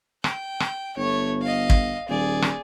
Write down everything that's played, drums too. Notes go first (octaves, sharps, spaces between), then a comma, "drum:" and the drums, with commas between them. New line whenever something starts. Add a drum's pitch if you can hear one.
G5, drum: rim click
drum: rim click
G1 A3 C#5
D#5 F5
drum: kick
D#1 G#4 D5
drum: rim click